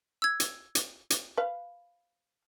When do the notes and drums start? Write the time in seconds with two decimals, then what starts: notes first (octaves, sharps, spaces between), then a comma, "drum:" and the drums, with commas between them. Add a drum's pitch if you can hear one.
0.22 E6 G#6
0.40 drum: hi-hat
0.75 drum: hi-hat
1.10 drum: hi-hat
1.37 B4 F5